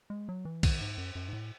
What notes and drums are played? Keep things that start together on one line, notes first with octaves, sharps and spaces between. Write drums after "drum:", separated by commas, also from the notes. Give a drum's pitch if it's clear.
G#3
F#3
E3
D#3, drum: kick A#1, cymbal
G#2
F#2
F#2
G#2
A2